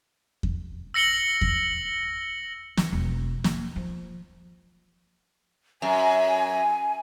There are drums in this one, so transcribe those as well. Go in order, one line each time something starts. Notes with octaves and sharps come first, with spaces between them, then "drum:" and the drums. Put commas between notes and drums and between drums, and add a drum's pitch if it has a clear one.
drum: kick E2
E6 A#6 C#7 F#7 G7
drum: kick E2
E3, drum: snare
E1
A#3, drum: snare
F3
F#2 G#5